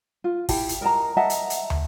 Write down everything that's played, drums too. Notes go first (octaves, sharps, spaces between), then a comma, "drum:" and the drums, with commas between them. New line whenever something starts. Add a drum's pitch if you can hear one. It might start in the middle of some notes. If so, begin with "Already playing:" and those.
F4
E4 G4 A5, drum: kick, open hi-hat
drum: hi-hat
A#4 D#5 A5 A#5
D#5 E5 F#5 A5
drum: hi-hat
drum: hi-hat
drum: tom